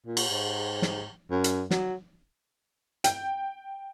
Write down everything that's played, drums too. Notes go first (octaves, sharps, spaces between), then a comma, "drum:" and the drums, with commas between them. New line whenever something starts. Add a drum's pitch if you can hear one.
A#2
drum: cymbal
G#2
drum: snare
F#2
drum: hi-hat
F#3, drum: snare
G5, drum: hi-hat